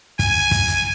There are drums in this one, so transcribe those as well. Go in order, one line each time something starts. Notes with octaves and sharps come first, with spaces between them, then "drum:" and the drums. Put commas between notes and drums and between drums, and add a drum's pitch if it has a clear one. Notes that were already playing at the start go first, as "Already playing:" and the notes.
G#5, drum: kick, hi-hat
drum: kick, hi-hat
drum: hi-hat